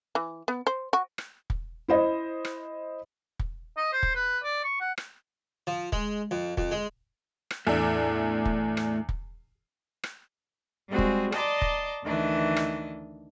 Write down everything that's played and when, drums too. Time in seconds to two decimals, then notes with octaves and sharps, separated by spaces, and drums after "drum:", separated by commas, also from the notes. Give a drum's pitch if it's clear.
0.15 E3
0.48 B3
0.67 C5
0.93 F#4
1.18 drum: rim click
1.50 drum: kick
1.88 E4 C5 D#5
2.45 drum: rim click
3.39 drum: kick
3.77 D#5
3.93 C5
4.03 drum: kick
4.16 B4
4.44 D5
4.64 C#6
4.80 F#5
4.98 drum: rim click
5.67 F3
5.92 G#3, drum: kick
6.31 F2
6.57 F2, drum: kick
6.72 G#3
7.51 drum: rim click
7.67 E2 A2 A3 D4
8.45 drum: kick
8.77 drum: rim click
9.09 drum: kick
10.04 drum: rim click
10.89 G3 G#3 C4 F#4 G#4
10.98 drum: kick
11.32 D5 D#5 A5 A#5 C6 D6, drum: rim click
11.62 drum: kick
12.04 D2 D#3 E3 D4 D#5
12.56 drum: rim click